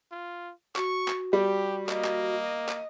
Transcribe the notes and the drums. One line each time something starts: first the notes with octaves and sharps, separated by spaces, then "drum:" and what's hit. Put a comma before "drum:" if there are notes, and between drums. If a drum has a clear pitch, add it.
F4
F#4 C#6, drum: clap
drum: clap
G3 G4
A#3 D#5, drum: clap
drum: clap
drum: clap